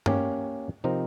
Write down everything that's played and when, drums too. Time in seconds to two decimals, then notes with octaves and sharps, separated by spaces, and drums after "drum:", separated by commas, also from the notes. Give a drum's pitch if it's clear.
0.06 A#3 C#4 G4, drum: tom G2
0.84 C3 F3 C4 D#4 A#4